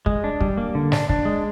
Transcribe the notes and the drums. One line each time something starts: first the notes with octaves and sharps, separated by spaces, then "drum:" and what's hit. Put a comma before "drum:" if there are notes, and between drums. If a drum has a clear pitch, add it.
G#3, drum: kick
D4
G3, drum: kick
A#3
D3
D4, drum: snare
D4, drum: kick
G#3